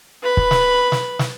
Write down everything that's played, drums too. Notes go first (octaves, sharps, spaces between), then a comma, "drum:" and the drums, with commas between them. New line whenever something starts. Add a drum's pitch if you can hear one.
B4 B5
drum: kick
drum: snare
drum: snare
drum: snare